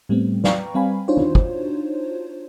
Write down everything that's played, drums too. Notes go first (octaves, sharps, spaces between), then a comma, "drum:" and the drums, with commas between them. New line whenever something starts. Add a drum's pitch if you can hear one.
A2 G3 A3 B3 C4
B4 D5 F5 G5 A#5 C#6, drum: snare
G3 C4 F5 G#5 B5
D4 D#4 F4 F#4 C5 C#5
drum: tom
drum: kick